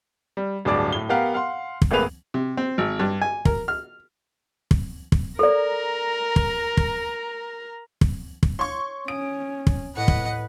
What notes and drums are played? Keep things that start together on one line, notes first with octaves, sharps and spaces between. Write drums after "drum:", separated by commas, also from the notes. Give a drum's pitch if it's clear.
G3
D1 G2 G#4 D5 A5 D6
A2 G7
B3 G4 A#4 F5 F#5 A#5
F5 F#5 C6
drum: kick
G#1 A3 A#3 G#4 B4 F7
C3
C4
G#1
G2
G#5
A#4, drum: kick
F6
drum: kick
drum: kick
A4 A#4 D5 A#5
drum: kick
drum: kick
drum: kick
drum: kick
C#5 C6 C#6
C#4 D#6 D7
drum: kick
A2 B4 D#5 F#5
drum: kick